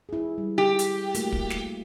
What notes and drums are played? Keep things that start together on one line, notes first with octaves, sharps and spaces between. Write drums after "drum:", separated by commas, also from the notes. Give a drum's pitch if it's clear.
E4 G#4
G3
G4
drum: hi-hat
A3 A#3 F#4, drum: hi-hat
drum: kick
drum: snare